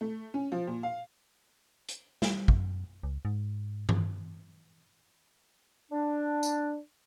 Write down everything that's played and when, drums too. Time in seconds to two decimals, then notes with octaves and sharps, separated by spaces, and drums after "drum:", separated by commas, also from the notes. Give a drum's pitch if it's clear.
0.01 A3
0.34 C#4
0.52 F3
0.67 A#2
0.83 F5
1.89 drum: hi-hat
2.22 G3, drum: snare
2.48 F#2, drum: kick
3.03 C#2
3.25 G#2
3.89 drum: tom G2
5.92 D4
6.43 drum: tambourine